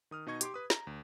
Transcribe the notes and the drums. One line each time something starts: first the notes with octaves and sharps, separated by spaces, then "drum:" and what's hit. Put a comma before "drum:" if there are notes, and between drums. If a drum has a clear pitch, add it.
D#3 D#6 F6
B2 D#4 D#5 C#6 G#6
G4 C6 D6, drum: hi-hat
B4 D#6
A#5, drum: snare
D2